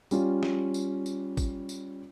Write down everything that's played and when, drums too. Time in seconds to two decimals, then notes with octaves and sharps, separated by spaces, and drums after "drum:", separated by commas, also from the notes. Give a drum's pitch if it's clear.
0.11 G3 C#4 F4, drum: tambourine
0.43 drum: snare
0.74 drum: tambourine
1.06 drum: tambourine
1.37 drum: kick A1, tambourine
1.69 drum: tambourine